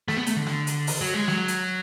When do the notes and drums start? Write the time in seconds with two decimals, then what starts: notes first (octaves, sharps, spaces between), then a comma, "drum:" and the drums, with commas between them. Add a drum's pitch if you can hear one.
0.08 A3, drum: snare
0.17 B3
0.26 A3, drum: hi-hat
0.36 D3
0.47 drum: snare
0.67 drum: hi-hat
0.87 drum: open hi-hat
1.01 F#3
1.14 G#3
1.28 F#3, drum: snare
1.48 drum: hi-hat